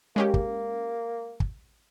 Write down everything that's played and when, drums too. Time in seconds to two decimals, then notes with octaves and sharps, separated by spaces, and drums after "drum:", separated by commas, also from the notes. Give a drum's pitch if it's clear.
0.16 G#3 A#3 C#4 G4
0.34 drum: kick
1.40 drum: kick